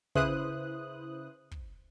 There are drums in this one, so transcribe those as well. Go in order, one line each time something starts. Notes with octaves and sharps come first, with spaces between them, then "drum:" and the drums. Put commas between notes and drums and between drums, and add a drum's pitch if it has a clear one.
C#3 E4 B4 C5 D#6 F#6, drum: kick
drum: kick